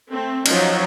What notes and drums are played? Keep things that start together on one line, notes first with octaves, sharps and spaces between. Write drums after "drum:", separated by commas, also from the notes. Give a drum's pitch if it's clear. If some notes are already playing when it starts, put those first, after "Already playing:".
A3 C4
F3 F#3 C#4 D#4, drum: cymbal